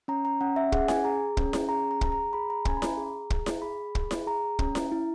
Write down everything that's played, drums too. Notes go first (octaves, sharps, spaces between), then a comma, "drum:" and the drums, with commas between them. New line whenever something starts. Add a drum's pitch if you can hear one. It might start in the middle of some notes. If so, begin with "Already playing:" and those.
C#4 A#5
A#5
C#4 F#5
E5
G#4 F#5, drum: kick
G#5, drum: snare E4
G#4 A#5
C#4, drum: kick
drum: snare E4
G#4 A#5
A#5
G#4, drum: kick
A#5
G#4 B5
A#5
C#4 G#5, drum: kick
B5
A#5, drum: snare E4
G#4
G#4, drum: kick
drum: snare E4
G#4 B5
G#4, drum: kick
drum: snare E4
G#4 A#5
C#4, drum: kick
drum: snare E4
E4